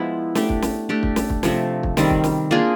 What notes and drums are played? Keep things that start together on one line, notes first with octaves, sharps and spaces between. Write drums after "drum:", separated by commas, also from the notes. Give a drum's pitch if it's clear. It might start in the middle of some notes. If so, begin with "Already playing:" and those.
Already playing: F3 G#3 B3 E4
A3 D4 G4, drum: snare
drum: kick
drum: snare
A3 D4 G4
drum: kick
drum: snare
drum: kick
C3 F3 A3, drum: snare
drum: kick
D#3 G3 C4, drum: snare
drum: kick
drum: snare
A#3 D4 F4 G#4